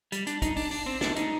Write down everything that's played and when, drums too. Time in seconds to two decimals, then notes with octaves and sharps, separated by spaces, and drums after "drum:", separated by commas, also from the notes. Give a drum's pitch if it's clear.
0.12 G3, drum: hi-hat
0.27 D4, drum: hi-hat
0.42 D#4, drum: kick, hi-hat
0.56 D4, drum: open hi-hat
0.71 D4, drum: open hi-hat
0.86 C4
1.01 D4, drum: snare
1.16 D#4, drum: hi-hat